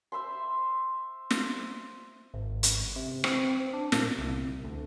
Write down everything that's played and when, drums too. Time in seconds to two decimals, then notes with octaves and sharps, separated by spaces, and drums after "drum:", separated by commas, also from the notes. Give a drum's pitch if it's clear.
0.12 C5 E5 B5 C6
1.31 drum: snare
2.34 G#1
2.63 drum: hi-hat
2.96 C3
3.24 C4, drum: rim click
3.73 D4
3.92 A#2, drum: snare
4.18 C2
4.64 D2